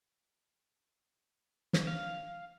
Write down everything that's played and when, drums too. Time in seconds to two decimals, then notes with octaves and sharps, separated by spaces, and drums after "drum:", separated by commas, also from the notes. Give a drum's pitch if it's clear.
1.73 drum: snare
1.87 F5